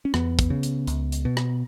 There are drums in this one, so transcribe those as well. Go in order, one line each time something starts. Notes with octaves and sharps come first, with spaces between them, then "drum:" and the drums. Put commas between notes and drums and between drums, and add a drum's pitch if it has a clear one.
C#4
E2 B3, drum: rim click
drum: kick, hi-hat
C#3
drum: hi-hat
C#2, drum: hi-hat
drum: hi-hat
B2
drum: rim click